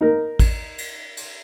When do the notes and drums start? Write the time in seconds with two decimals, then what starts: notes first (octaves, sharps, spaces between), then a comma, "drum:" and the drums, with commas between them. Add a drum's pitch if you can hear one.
0.01 D#4 A#4
0.39 drum: kick A1, cymbal
0.78 drum: cymbal
1.17 drum: cymbal